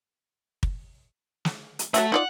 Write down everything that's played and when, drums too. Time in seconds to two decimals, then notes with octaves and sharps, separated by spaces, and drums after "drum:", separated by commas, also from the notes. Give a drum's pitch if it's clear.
0.63 drum: kick
1.45 drum: snare
1.79 drum: hi-hat
1.94 F#3 A3 F#4 E5, drum: hi-hat
2.12 D#4 F4 D5 F#5